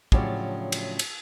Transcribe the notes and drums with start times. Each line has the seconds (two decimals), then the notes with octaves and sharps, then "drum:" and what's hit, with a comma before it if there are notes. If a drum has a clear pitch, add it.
0.12 A2 C#3 F3 F#3 D4 G4, drum: kick
0.72 drum: cymbal
0.99 drum: cymbal